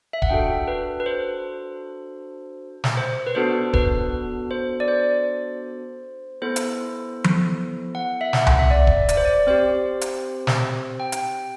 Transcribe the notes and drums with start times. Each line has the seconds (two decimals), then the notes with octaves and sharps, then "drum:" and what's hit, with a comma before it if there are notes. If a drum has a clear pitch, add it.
0.13 E5
0.22 F#5, drum: kick D1
0.30 D4 F#4 A4 G5
0.68 B4
1.00 B4
1.06 C5
2.84 drum: snare
2.97 C5
3.27 B4
3.35 B3 D4 F#4 A4 C5
3.73 B4, drum: kick D1
4.51 C5
4.80 D5
4.88 C5
6.42 B3 E4 A4 C5
6.56 drum: hi-hat
7.24 drum: tom F3
7.95 F#5
8.21 E5
8.33 F#5, drum: snare
8.47 F#5, drum: tom C2
8.59 E5
8.70 D5
8.87 drum: kick D1
9.09 D5, drum: hi-hat
9.17 C5
9.25 D5
9.47 C4 G4 C5
10.01 drum: hi-hat
10.47 drum: snare
11.00 G5
11.12 drum: hi-hat